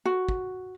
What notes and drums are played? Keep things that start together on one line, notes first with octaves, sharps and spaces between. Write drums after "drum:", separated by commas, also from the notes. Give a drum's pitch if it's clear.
F#4
drum: kick